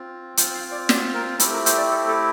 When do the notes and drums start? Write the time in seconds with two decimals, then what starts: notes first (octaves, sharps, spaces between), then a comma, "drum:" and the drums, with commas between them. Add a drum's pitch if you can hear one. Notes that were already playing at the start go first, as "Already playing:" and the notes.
Already playing: C4 F4
0.37 C4 F4 G5, drum: hi-hat
0.54 F5
0.72 D5
0.89 D5, drum: snare
1.14 A#4
1.40 A3 C4 E4 G4 A4, drum: hi-hat
1.53 A#4
1.66 C5, drum: hi-hat
1.78 D5
1.91 A4
2.08 A4